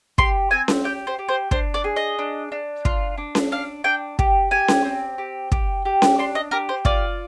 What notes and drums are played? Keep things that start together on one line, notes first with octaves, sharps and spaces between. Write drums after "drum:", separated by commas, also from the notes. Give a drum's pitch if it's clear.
G4 C6, drum: kick
C4 G#5
drum: snare C#4
G4 G5
C5
G4
C5
D4 C5, drum: kick
D5
G#4
D#5
D4
D4
F4, drum: kick
D4
drum: snare C#4
D4 F5
D4 G5
G4, drum: kick
G4 G#5
drum: snare C#4
C4
G4
G4, drum: kick
G4
drum: snare C#4
D4 C6
D#5
G4 A#4
C5
F4 D5, drum: kick